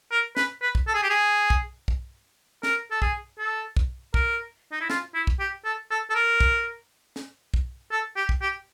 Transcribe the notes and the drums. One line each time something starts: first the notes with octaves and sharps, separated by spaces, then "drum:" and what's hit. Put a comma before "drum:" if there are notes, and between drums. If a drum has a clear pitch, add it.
A#4
B4, drum: snare
B4
drum: kick
A4
G#4
G4
G#4
drum: kick
drum: kick
A#4, drum: snare
A4
G#4, drum: kick
A4
drum: kick
A#4, drum: kick
D#4
E4
F4, drum: snare
E4
drum: kick
G4
A4
A4
A4
A#4
drum: kick
drum: snare
drum: kick
A4
G4
drum: kick
G4